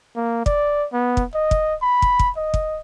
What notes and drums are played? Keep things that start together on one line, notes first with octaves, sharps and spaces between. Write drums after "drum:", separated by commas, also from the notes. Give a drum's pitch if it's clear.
A#3
D5, drum: kick
B3
drum: kick
D#5
drum: kick
B5
drum: kick
drum: kick
D#5
drum: kick